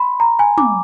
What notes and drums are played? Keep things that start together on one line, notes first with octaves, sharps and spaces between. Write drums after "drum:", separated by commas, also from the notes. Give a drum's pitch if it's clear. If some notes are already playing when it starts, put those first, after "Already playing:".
Already playing: B5 C6
A#5
G#5
D6, drum: tom